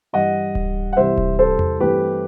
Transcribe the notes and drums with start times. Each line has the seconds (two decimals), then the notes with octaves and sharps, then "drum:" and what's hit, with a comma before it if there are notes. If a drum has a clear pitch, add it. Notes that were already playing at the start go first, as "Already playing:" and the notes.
0.13 G2 E3 G3 D#5 F#5
0.55 drum: kick D1
0.93 F#5
0.97 C2 C3 E3 G3 C5 E5
1.17 drum: kick D1
1.39 A4 C5
1.59 drum: tom E2
1.79 G2 E3 A3 C4 G4 B4